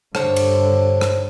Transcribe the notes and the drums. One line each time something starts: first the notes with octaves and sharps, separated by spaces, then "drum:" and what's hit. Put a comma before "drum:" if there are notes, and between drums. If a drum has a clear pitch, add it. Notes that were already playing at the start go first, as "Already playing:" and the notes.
G2 D3 C5 C#5 A5, drum: rim click
drum: cymbal
drum: rim click